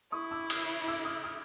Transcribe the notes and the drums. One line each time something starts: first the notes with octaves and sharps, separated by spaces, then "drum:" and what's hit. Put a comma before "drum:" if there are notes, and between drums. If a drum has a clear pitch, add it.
E4 C#6 D#6
D6 E6
D#6 F6, drum: cymbal
D6 E6
D#6 F6
D#6 F6